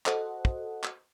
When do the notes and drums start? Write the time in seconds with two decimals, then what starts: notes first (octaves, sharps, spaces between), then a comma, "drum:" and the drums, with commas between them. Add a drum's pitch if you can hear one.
0.06 F#4 A4 C5 D#5 F#5, drum: clap
0.45 drum: kick
0.84 drum: clap